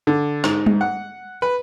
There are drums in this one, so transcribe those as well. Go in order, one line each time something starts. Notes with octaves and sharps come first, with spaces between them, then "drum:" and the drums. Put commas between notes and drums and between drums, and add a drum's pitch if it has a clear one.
D3
G#2, drum: snare
drum: tom G3
F#5
B4